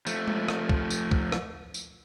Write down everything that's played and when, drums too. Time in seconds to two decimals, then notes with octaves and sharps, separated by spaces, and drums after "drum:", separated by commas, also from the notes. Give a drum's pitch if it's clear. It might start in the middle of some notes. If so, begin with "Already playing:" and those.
0.07 F3 A3, drum: tambourine
0.28 drum: tom G#3
0.48 drum: rim click
0.69 drum: kick
0.90 drum: tambourine
1.11 drum: kick
1.32 drum: rim click
1.74 drum: tambourine